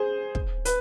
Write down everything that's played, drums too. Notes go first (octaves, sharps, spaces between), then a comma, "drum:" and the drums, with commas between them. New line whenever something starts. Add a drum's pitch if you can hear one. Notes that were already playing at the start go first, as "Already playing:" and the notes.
Already playing: G#4 C5
drum: kick
B4, drum: hi-hat